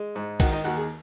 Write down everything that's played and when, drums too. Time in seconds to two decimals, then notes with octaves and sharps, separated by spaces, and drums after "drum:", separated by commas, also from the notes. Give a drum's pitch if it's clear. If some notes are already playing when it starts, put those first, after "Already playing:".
Already playing: G#3
0.15 G#2
0.40 D#3 F#4, drum: kick B1, cymbal
0.53 D#4
0.64 D#2 F#4
0.77 G#4